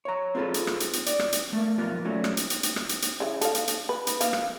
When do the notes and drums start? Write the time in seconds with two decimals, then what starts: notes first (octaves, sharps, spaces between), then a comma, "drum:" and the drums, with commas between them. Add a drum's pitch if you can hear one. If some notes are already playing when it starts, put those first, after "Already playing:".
0.05 C#5 A#5
0.35 C4 F4 G#4 A4 B4
0.54 drum: hi-hat
0.67 drum: rim click
0.80 drum: hi-hat
0.93 drum: hi-hat
1.06 D5, drum: hi-hat
1.19 drum: rim click
1.33 drum: hi-hat
1.53 A3 A#3
1.78 B1 F2 A#3 B3 F4 G4
2.05 F#3 G3 A3 C#4 F#4
2.24 drum: rim click
2.37 drum: hi-hat
2.50 drum: hi-hat
2.63 drum: hi-hat
2.76 drum: rim click
2.89 drum: hi-hat
3.02 drum: hi-hat
3.20 C#3 E3
3.41 A4 F5, drum: hi-hat
3.55 drum: hi-hat
3.68 drum: hi-hat
3.89 B4
4.07 drum: hi-hat
4.21 A#3 F5, drum: hi-hat
4.33 drum: rim click